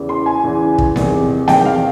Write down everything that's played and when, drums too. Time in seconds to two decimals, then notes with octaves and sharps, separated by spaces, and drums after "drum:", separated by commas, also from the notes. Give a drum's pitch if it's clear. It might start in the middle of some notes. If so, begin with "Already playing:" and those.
Already playing: E2 C#3 E3
0.09 C6
0.26 G#5
0.43 E2 C#3 E3
0.78 drum: kick
0.96 E2 C3 D#3, drum: snare B3
1.48 E2 C3 D#3 G5, drum: snare B3
1.65 F5